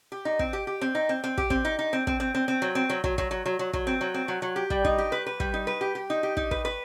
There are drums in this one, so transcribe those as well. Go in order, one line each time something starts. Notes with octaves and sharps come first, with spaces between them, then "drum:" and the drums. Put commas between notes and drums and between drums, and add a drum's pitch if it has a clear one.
G4
D#4
C4, drum: kick
G4
G4
C4
D#4
C4
C4
G4, drum: kick
C4, drum: kick
D#4
D#4
C4
C4, drum: kick
C4
C4
C4
F#3
C4
F#3
F#3, drum: kick
F#3, drum: kick
F#3
F#3
F#3
F#3, drum: kick
C4
F#3
C4
F#3
F#3
G4
G3, drum: kick
D#4, drum: kick
G4
B4
B4
G3, drum: kick
D#4
B4
G4
G4
D#4
G4
D#4, drum: kick
B4, drum: kick
B4